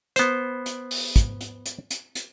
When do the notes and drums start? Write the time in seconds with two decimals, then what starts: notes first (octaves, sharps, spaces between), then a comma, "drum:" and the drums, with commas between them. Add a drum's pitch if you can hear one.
0.16 B3 C5, drum: hi-hat
0.66 drum: hi-hat
0.91 drum: open hi-hat
1.16 drum: kick, hi-hat
1.41 drum: hi-hat
1.66 drum: hi-hat
1.90 drum: hi-hat
2.15 drum: hi-hat